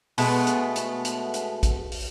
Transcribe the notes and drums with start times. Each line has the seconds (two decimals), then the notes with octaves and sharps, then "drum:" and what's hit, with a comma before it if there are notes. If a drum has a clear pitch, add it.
0.18 B2 G#3 A3 B3, drum: open hi-hat
0.47 drum: hi-hat
0.76 drum: hi-hat
1.05 drum: hi-hat
1.34 drum: hi-hat
1.63 drum: kick A1, hi-hat
1.92 drum: open hi-hat